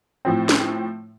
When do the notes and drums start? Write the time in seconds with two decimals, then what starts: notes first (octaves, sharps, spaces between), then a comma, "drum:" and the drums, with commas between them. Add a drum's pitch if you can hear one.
0.25 A2 F3 C4
0.49 drum: snare